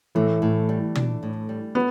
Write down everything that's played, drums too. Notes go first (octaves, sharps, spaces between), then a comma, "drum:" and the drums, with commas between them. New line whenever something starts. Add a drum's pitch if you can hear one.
A2 E3 A3
A2
G3
D4, drum: tom
A2
G3
B3